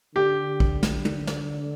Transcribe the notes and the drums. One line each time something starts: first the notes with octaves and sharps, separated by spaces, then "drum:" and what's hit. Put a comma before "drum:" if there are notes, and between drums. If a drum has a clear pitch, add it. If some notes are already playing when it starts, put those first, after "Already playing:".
D3 G4
drum: kick
drum: snare
drum: tom
drum: snare